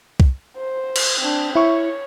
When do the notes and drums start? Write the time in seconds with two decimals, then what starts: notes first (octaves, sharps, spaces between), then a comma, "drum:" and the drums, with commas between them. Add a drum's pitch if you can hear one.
0.20 drum: kick
0.57 C5
0.96 drum: cymbal
1.20 C4 D4
1.55 E4 C#5 C#6